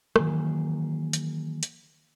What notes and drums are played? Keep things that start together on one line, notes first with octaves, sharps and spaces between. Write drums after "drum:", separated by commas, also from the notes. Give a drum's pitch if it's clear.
D#3 E3 F#3 A#3 G#4, drum: rim click
drum: hi-hat
drum: hi-hat